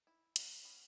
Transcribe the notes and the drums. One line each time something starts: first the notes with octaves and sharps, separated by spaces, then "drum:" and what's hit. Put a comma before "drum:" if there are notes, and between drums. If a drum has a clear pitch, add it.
E4
G#3 A#4 C#5 F#5, drum: hi-hat
E3 B3 C#4